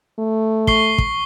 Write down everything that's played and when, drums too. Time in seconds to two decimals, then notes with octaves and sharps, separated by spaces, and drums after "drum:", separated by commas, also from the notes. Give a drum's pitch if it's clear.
0.19 A3
0.67 C#6 C7 G7, drum: kick
0.98 drum: kick